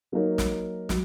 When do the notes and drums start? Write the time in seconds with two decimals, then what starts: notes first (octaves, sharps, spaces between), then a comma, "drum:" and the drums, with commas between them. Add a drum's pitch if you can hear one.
0.12 F#3 A#3 D#4 A#4 C#5
0.38 drum: snare
0.89 F#3, drum: snare